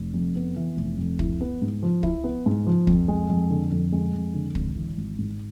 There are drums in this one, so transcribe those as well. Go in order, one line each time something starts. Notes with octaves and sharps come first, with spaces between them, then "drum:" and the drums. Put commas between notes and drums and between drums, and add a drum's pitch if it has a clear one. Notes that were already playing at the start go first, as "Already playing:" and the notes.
Already playing: F1
F2
B3
E3
F1
F2
E4, drum: kick
B3
G#2
F3
E4, drum: kick
B3
G#2
F3
F2, drum: kick
G#3
F2
D3
F2
G#3
F2
D3
G#1, drum: kick
E3
G#1
G#2